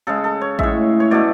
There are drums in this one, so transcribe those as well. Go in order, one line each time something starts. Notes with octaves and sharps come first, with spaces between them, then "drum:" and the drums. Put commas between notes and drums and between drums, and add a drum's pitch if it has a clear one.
C#3 G#3 A4
A4
C#5
A2 G#3 E5, drum: kick A1
C#5
B2 A3 D5